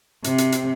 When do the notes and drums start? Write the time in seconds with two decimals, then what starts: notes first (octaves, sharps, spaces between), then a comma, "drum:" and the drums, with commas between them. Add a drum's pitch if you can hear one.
0.24 C3, drum: hi-hat
0.38 drum: hi-hat
0.52 drum: hi-hat